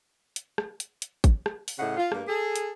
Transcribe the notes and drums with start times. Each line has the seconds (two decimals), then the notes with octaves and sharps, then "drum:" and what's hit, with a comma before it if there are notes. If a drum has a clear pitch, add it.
0.36 drum: hi-hat
0.58 drum: rim click
0.80 drum: hi-hat
1.02 drum: hi-hat
1.24 drum: kick G#1, hi-hat
1.46 drum: rim click
1.68 drum: open hi-hat
1.78 A2 C#3 D#5 F#5
1.97 F4
2.12 G2 A#3, drum: rim click
2.27 G#4 A4
2.56 drum: hi-hat